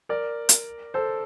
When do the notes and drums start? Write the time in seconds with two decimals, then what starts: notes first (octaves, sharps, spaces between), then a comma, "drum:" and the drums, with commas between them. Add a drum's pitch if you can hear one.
0.09 A#4 D5
0.49 drum: hi-hat
0.94 A4 C5